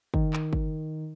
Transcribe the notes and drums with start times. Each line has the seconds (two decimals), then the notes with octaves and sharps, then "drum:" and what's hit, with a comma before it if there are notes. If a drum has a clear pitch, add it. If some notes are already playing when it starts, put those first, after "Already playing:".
0.14 D#3, drum: kick
0.33 drum: clap
0.53 drum: kick